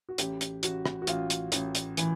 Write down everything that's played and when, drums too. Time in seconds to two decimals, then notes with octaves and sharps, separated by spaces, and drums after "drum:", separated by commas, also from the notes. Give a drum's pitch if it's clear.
0.09 F#4
0.18 A1 G4, drum: hi-hat
0.41 drum: hi-hat
0.63 A1 F#4, drum: hi-hat
0.86 drum: rim click
1.02 F#4
1.07 A1 F4, drum: hi-hat
1.30 drum: hi-hat
1.52 A1, drum: hi-hat
1.75 drum: hi-hat
1.97 E3, drum: hi-hat